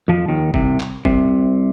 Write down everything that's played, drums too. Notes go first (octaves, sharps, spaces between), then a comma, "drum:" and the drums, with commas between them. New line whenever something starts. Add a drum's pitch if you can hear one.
F2 F3
D#2 D#3
C2 C3, drum: kick G1
drum: clap
C2 C3, drum: kick G1